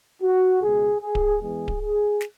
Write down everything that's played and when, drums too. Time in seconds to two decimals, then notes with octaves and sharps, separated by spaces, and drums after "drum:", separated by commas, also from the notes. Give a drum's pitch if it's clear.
0.22 F#4
0.62 C#2 B2 G#3 G#4
1.01 G#4
1.15 drum: kick D1
1.41 E2 E3 G#3 B3 G#4
1.68 drum: kick D1
1.81 G#4
2.21 drum: snare